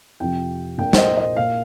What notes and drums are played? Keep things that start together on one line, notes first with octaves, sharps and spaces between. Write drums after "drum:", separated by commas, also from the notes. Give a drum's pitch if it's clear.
F2 C3 F3 G5
A#1 A#2 A#3 G5
C5, drum: snare
D#5
D#5
A#2 A#3 F5